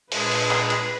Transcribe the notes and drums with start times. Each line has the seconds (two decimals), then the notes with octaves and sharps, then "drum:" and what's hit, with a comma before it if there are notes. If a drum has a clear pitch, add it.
0.12 A#2 G#3 D4 G#4 B4, drum: open hi-hat
0.32 drum: open hi-hat
0.51 drum: clap
0.70 drum: hi-hat